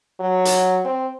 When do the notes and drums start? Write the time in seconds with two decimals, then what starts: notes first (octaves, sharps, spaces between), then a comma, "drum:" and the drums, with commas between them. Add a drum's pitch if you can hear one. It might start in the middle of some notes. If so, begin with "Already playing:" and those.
0.20 F#3
0.45 drum: hi-hat
0.85 C4